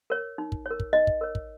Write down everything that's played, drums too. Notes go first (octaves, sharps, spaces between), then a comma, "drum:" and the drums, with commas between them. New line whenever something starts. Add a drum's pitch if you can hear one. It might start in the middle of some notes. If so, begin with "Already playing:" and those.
A#4 C#5
D#4
drum: kick
A#4 C#5
drum: kick
D#4 D#5
drum: kick
A#4 C#5
drum: kick